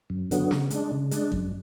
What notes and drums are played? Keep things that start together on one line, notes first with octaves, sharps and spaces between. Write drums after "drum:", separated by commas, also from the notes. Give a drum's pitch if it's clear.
F#2
D3 F#3 B3, drum: hi-hat
C#3, drum: snare
G#3 D4, drum: hi-hat
C#3
G#3 D4, drum: hi-hat
F#2, drum: kick